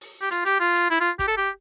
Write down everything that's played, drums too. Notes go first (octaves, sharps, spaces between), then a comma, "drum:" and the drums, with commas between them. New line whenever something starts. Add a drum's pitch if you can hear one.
drum: open hi-hat
G4
F4, drum: hi-hat
G4, drum: hi-hat
F4
drum: hi-hat
E4
F4
G4, drum: kick, hi-hat
A4
G4